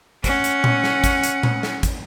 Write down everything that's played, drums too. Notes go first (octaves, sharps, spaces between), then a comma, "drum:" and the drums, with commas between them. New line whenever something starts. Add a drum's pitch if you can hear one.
C#4 F#5, drum: kick, hi-hat
drum: hi-hat
drum: tom A#2
drum: snare
drum: kick, hi-hat
drum: hi-hat
drum: tom A#2
drum: snare
drum: kick, hi-hat